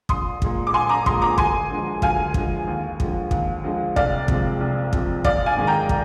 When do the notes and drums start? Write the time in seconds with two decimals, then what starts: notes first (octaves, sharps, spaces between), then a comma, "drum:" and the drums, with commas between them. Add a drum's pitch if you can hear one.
0.09 A#1 C6 D#6, drum: kick
0.42 A#2 G#3, drum: kick
0.67 D6
0.73 A#1 G#5 C6
0.89 A#5 D6
1.06 A#2 G#3 C6 D#6, drum: kick
1.22 A#5 D6
1.38 D2 G#5 C6, drum: kick
1.70 D3 F3 G#3
2.02 D2 F5 G#5, drum: kick
2.34 D3 F3 G#3, drum: kick
2.68 D#2
3.00 D3 F3 G#3, drum: kick
3.31 D#2, drum: kick
3.64 D3 F3 G#3
3.96 C2 D5 F5, drum: kick
4.28 C3 F3 G#3, drum: kick
4.61 C2
4.93 C3 F3 G#3, drum: kick
5.24 A#1 D5 F5, drum: kick
5.46 F5 G#5
5.56 G#2 D#3 G#3
5.67 G5 A#5
5.89 drum: kick